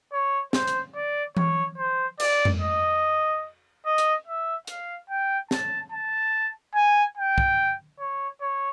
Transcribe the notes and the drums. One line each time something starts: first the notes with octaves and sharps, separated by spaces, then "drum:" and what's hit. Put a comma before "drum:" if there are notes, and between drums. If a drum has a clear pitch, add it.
C#5
C5, drum: snare
drum: hi-hat
D5
C#5, drum: tom E3
C5
D5, drum: cymbal
drum: tom F2
D#5
D#5
drum: hi-hat
E5
F5, drum: hi-hat
G5
A5, drum: snare
A5
G#5
G5
drum: kick
C#5
C#5